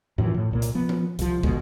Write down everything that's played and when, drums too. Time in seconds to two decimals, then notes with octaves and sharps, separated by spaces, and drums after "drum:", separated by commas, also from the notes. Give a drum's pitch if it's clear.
0.18 F#2 A2 E3 F3
0.34 A2
0.51 C2 A#2 A#3
0.62 drum: hi-hat
0.75 F3 B3
0.89 drum: tom E3
1.19 C2 F3, drum: hi-hat
1.43 D2 B2 G#3, drum: kick